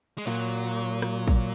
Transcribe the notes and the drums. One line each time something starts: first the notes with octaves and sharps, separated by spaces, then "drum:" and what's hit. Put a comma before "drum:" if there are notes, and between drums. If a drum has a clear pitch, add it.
G#3
A#2 F#3, drum: tambourine
drum: tambourine
drum: tambourine
drum: rim click
drum: kick